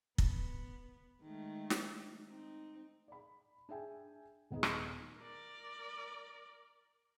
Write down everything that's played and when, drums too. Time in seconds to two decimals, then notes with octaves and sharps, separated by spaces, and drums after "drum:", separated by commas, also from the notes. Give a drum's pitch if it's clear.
0.18 B3, drum: kick
1.22 D#3 G#3 A3
1.70 drum: snare
2.27 C4 D#4
3.08 D5 B5
3.69 D4 G#4 E5 G5 G#5
4.51 D#1 B3 D#4 G#4
4.63 drum: rim click
5.20 A#4 D5